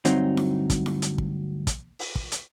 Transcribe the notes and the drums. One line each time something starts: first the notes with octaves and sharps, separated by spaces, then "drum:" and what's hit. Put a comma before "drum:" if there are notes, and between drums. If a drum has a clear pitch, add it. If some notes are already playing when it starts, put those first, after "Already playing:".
D2 G2 F#3 C4 D#4, drum: hi-hat
drum: snare E4
drum: kick, hi-hat
drum: snare E4
drum: hi-hat
drum: kick
drum: kick, hi-hat
drum: open hi-hat
drum: kick
drum: hi-hat